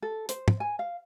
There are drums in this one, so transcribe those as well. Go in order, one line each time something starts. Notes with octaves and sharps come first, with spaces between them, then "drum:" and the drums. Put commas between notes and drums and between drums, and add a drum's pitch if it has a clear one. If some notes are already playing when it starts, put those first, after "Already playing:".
A4
C5, drum: hi-hat
drum: tom
G#5
F5